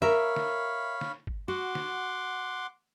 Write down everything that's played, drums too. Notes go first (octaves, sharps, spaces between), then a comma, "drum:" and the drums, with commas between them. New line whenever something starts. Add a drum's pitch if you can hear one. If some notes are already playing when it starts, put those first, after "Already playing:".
A#4 C#5 E5 F5 B5, drum: snare
drum: snare
drum: snare
drum: kick G1
F#4 F#5 C6 D6
drum: snare